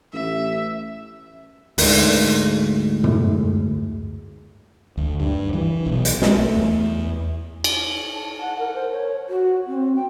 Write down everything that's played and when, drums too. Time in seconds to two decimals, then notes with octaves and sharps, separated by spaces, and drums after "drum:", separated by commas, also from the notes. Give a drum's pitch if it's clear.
0.13 A1 E5
1.78 D2 G#2, drum: open hi-hat
3.04 drum: tom
4.97 D2
5.20 G2
5.53 E3
5.86 B1
6.05 drum: hi-hat
6.22 G#3, drum: snare
6.35 A3
6.56 E2
7.64 drum: cymbal
8.13 A5
8.41 F#5
8.59 A#4
8.75 C5
8.91 C#5
9.29 F#4
9.67 C4
9.96 G5